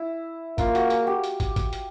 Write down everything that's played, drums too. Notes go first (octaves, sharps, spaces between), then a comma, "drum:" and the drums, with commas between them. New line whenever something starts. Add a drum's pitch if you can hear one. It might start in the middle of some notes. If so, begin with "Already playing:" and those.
Already playing: E4
A#3 F4, drum: kick, hi-hat
F#4, drum: hi-hat
G#4, drum: hi-hat
G4
drum: hi-hat
drum: kick, hi-hat
drum: kick, hi-hat
drum: hi-hat